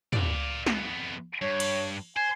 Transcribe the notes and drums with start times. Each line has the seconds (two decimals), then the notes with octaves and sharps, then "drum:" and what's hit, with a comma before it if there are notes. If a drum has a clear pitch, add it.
0.13 D5 F5, drum: tom
0.66 F2 B3, drum: snare
1.42 G2 C#5
1.60 drum: cymbal
2.16 C5 G#5